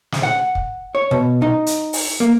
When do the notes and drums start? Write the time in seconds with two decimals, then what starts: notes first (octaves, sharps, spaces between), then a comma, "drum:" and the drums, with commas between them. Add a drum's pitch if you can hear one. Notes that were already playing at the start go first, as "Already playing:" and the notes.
0.12 drum: snare
0.23 F#5
0.55 drum: kick
0.95 C#5
1.11 B2
1.42 D#4
1.67 drum: hi-hat
1.93 drum: open hi-hat
2.20 A#3